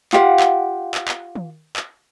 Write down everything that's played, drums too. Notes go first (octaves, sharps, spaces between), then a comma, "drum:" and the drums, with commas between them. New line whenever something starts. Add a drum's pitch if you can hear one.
F4 G4 F5 F#5, drum: clap
drum: clap
drum: clap
drum: clap
drum: tom D#3
drum: clap